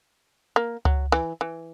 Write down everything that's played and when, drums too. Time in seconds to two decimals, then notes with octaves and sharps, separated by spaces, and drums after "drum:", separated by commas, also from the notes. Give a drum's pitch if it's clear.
0.56 A#3
0.85 F#3, drum: tom C#2
1.12 E3
1.41 E3